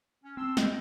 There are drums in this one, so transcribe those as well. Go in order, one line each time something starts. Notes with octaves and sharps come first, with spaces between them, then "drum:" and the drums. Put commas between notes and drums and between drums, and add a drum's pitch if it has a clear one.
C#4
C4 A5 C6 E6
D#5 G5, drum: snare